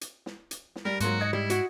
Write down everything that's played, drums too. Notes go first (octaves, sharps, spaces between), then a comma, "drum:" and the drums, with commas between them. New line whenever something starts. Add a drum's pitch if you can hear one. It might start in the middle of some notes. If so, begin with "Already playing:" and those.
drum: hi-hat
drum: snare
drum: hi-hat
drum: snare
G3 A#4
G#2 F#3 A#3 F#4 C6, drum: hi-hat
D#5 G#6 C#7
G3 E4
F#4, drum: hi-hat